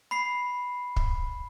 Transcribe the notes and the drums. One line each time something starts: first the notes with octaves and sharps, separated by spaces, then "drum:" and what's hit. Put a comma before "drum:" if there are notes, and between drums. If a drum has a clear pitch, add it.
B5 C7
drum: kick